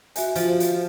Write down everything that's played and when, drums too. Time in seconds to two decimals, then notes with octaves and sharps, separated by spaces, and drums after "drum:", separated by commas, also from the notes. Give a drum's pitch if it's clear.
0.16 F#4 E5 G#5, drum: hi-hat
0.35 F3 F4 F#4, drum: hi-hat
0.60 drum: hi-hat